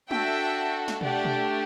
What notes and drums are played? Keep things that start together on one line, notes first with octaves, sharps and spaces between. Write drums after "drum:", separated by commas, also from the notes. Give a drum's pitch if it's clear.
D4 F#4 A4 E5 G5, drum: tom
drum: snare
A3 D4 G4 D5 F#5, drum: tom B2
drum: tom B2